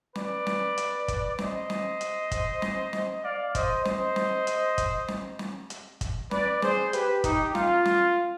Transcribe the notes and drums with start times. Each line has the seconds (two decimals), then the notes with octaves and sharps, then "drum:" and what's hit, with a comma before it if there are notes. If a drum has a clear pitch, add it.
0.16 B4 D5, drum: snare
0.47 drum: snare
0.78 drum: hi-hat
1.08 drum: kick, hi-hat
1.39 C5 D#5, drum: snare
1.70 drum: snare
2.01 drum: hi-hat
2.31 drum: kick, hi-hat
2.62 drum: snare
2.93 drum: snare
3.24 D5 F5
3.55 C5 D#5, drum: kick, hi-hat
3.86 C5 D#5, drum: snare
4.16 drum: snare
4.47 drum: hi-hat
4.78 drum: kick, hi-hat
5.09 drum: snare
5.39 drum: snare
5.70 drum: hi-hat
6.01 drum: kick, hi-hat
6.31 B4 D5, drum: snare
6.62 G#4 C5, drum: snare
6.93 G4 B4, drum: hi-hat
7.24 D#4 G4, drum: kick, hi-hat
7.55 F4, drum: snare
7.86 drum: snare